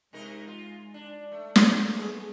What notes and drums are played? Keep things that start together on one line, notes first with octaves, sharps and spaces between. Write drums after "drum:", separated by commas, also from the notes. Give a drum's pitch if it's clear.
C3 G#3 D#4 A#4
F4
D4
A3
drum: snare
G#3 A3 B3 G#4